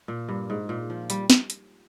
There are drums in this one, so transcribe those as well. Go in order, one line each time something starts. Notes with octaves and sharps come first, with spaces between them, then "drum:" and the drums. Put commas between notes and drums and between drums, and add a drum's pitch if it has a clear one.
A#2
G2
G#2
A#2
F3
G3, drum: hi-hat
drum: snare
drum: hi-hat